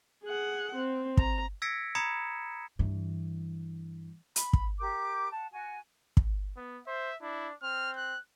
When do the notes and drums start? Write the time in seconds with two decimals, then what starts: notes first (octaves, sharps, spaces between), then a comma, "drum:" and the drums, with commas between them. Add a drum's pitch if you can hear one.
0.24 G#4 F#5
0.75 C4
1.17 A#5, drum: kick
1.62 E6 G#6 A#6 B6 C#7 D7
1.95 A#5 B5 D#6 G#6 C#7 E7
2.79 G2 E3
4.36 B5, drum: hi-hat
4.53 drum: kick
4.80 G4 A#4 D6 G6
5.32 F#5 A5
5.51 F#4 F#5 G#5
6.17 drum: kick
6.57 B3
6.87 C5 E5
7.22 D4 E4
7.63 C4 F6
7.97 F#6